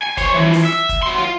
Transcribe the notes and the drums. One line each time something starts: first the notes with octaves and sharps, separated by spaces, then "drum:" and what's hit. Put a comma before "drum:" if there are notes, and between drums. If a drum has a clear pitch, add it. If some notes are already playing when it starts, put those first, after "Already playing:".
G#5
C5 C#5, drum: kick, hi-hat
E3 F3
drum: open hi-hat
E5
drum: kick, hi-hat
F#3 C6
F4